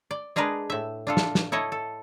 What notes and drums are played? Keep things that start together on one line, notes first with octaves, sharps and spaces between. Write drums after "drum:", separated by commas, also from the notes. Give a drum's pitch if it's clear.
D5
G#3 D4 G#4 A#4 B4
A2 E5
D4 F4 A4
drum: snare
drum: snare
E4 A4 C#5 D#5
A4